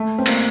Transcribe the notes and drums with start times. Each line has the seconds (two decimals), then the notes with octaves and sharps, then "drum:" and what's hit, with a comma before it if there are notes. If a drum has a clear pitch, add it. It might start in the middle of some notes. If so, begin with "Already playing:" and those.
Already playing: A3
0.18 C4
0.26 A#3, drum: cymbal